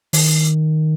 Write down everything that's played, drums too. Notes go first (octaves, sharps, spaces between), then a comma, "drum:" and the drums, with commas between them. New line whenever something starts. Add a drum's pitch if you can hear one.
D#3, drum: open hi-hat